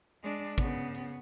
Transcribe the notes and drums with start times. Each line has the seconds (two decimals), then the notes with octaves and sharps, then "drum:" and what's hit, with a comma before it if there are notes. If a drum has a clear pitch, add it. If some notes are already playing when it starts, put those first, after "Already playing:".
0.23 G#3 D4
0.58 C#3 B3, drum: kick, hi-hat
0.95 drum: hi-hat